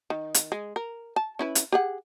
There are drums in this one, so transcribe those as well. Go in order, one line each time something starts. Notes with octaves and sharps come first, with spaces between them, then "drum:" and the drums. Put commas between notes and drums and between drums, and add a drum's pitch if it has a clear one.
D#3
drum: hi-hat
G#3
A#4
A5
C#4 E4 B4
drum: hi-hat
G4 G#4 F#5